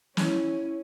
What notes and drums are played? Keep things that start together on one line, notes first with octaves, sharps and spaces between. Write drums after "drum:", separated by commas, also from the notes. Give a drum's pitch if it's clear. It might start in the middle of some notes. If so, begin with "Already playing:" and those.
C#4 E4, drum: snare